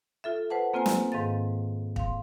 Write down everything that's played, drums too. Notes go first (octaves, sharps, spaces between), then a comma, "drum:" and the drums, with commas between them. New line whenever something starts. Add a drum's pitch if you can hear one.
F4 A4 E5
B4 C5 F#5 A5
A#3 C4 F4 C5 G#5
drum: snare
G#2 D#3 C4 F5 A6
F5 C6, drum: kick